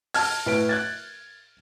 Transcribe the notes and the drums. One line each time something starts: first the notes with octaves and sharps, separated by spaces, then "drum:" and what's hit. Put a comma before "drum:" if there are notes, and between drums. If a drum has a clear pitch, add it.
A5 F6 G#6, drum: open hi-hat
A2 B4 D7
F#6 G#6 A6